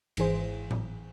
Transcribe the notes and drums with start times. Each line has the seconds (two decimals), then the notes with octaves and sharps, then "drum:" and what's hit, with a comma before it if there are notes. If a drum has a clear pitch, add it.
0.17 G#1 G#2 E3 G#4 C5, drum: cymbal
0.71 drum: tom A2